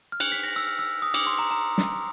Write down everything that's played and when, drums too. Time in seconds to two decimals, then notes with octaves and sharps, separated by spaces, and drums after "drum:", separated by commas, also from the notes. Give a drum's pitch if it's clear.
0.12 F6
0.20 F#6, drum: cymbal
0.32 B6
0.43 A#6
0.56 E6
0.67 F6
0.79 E6
1.02 D#6
1.14 D6, drum: cymbal
1.27 C6
1.39 A#5
1.51 A#5
1.78 drum: snare